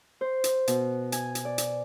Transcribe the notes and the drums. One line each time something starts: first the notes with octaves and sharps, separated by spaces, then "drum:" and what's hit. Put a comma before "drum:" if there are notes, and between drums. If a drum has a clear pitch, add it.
C5
drum: hi-hat
B2, drum: hi-hat
G#5, drum: hi-hat
drum: hi-hat
D5
drum: hi-hat